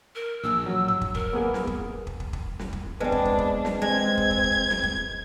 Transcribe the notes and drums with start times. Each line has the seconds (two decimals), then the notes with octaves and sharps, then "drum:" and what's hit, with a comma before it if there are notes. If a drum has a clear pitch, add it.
0.15 A#4
0.44 A#1 E6
0.66 F#3
0.88 drum: tom G2
1.01 drum: kick
1.15 A#4, drum: kick
1.33 A#3 B3 G#4
1.54 drum: snare
1.67 drum: kick
2.07 drum: kick
2.20 drum: kick
2.33 drum: kick
2.59 drum: snare
2.73 drum: kick
3.00 G#3 B3 C4 D4 B4
3.12 drum: kick
3.25 drum: kick
3.38 drum: kick
3.65 drum: snare
3.82 G#3 C4 G#6
4.17 drum: kick
4.31 drum: kick
4.44 drum: kick
4.70 drum: snare
4.83 drum: kick